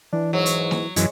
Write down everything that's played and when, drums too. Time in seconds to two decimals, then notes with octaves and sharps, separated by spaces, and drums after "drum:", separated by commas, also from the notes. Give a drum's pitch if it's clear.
0.13 E3 D4
0.33 G#2 F#3
0.46 drum: hi-hat
0.71 drum: snare
0.96 F#2 E3 G#3, drum: hi-hat